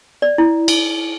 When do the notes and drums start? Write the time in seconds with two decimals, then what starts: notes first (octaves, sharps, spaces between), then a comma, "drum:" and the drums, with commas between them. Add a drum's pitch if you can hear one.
0.22 D5
0.38 E4
0.68 drum: cymbal